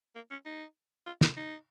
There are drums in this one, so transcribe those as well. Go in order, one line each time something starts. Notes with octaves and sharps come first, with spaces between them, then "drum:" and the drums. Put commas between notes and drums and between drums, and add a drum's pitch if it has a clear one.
A#3
C#4
D#4
F4
D#4, drum: snare
D#4